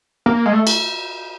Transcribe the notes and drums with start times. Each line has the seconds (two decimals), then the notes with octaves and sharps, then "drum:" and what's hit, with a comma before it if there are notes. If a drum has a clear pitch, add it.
0.26 A#3
0.46 G#3
0.53 A3
0.67 drum: cymbal